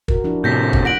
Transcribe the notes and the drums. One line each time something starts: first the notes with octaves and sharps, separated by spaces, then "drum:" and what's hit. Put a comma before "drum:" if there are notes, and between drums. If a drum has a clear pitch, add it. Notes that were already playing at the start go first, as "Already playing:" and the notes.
F#4 A#4, drum: kick
F3 D4 E4
A2 C3 G6 A#6 B6
drum: kick
F#5 A#6 D7 F#7